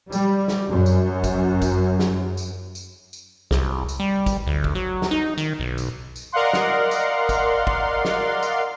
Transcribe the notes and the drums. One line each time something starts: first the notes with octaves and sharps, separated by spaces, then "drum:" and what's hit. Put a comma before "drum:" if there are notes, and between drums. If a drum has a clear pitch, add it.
G3, drum: tambourine
drum: snare
F#2
drum: tambourine
drum: kick, tambourine
drum: kick, tambourine
drum: snare
drum: tambourine
drum: tambourine
drum: tambourine
C2, drum: snare
drum: tambourine
G3
drum: kick, tambourine
D2
drum: kick
F#3
drum: snare
D#4
D#3, drum: tambourine
B1
drum: tambourine
drum: tambourine
A#4 D5 D#5 F5 F#5 C6
drum: snare
drum: tambourine
drum: kick, tambourine
drum: kick
drum: snare
drum: tambourine